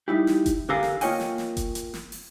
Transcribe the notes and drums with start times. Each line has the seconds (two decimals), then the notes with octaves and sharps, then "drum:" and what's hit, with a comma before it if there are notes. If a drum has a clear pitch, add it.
0.08 G3 D#4 E4 G4
0.27 drum: snare
0.46 drum: kick F#1, hi-hat
0.69 D3 G4 A4 A#4 F5 G#5
0.83 drum: snare
1.01 A#3 F4 C#5 D#5 G5 G#5, drum: open hi-hat
1.20 drum: snare
1.38 drum: snare
1.57 drum: kick F#1, hi-hat
1.75 drum: hi-hat
1.94 drum: snare
2.12 drum: open hi-hat